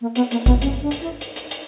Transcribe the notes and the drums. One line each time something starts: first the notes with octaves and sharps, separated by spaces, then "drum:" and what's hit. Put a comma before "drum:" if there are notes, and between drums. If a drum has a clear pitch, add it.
A#3
B3, drum: hi-hat
A#3, drum: hi-hat
B3, drum: kick G#1, hi-hat
C#4, drum: hi-hat
D4
drum: hi-hat
E4
drum: hi-hat
drum: hi-hat
drum: hi-hat